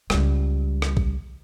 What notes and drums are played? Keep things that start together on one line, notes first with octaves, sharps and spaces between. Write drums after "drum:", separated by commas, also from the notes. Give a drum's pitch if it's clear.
C#2 G3, drum: rim click
drum: rim click
drum: kick A#1